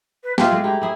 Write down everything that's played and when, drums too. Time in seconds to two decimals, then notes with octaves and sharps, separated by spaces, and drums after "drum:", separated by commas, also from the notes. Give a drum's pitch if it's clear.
0.23 B4
0.38 F4 G4 G#4 E5, drum: snare
0.51 G#3 A3
0.64 E4 G4 A#5
0.82 E4 G#4 E5